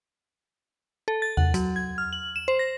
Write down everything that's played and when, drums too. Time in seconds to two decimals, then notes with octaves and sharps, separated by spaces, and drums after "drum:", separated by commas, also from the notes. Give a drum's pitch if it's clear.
1.08 A4
1.22 A6
1.37 F#5, drum: tom E2
1.54 F#3, drum: hi-hat
1.76 G#6
1.98 F6
2.13 F#7
2.36 E7
2.48 C5
2.59 A#6